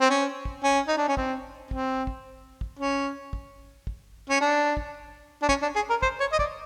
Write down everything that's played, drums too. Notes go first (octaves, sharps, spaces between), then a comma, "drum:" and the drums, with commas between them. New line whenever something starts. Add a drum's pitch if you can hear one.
C4
C#4
drum: kick
C#4
D#4
D4
C#4
C4, drum: kick
C4, drum: kick
drum: kick
drum: kick
C#4
drum: kick
drum: kick
C#4
D4
drum: kick
D4
C#4, drum: kick
D4
G#4
A#4
C5, drum: kick
C#5
D#5
D5, drum: kick